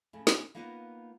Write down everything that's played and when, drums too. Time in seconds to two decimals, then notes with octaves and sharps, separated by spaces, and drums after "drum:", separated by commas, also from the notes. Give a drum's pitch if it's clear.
0.13 A2 C#3
0.27 drum: snare
0.55 A#3 B3 D#4 F4 G4 B4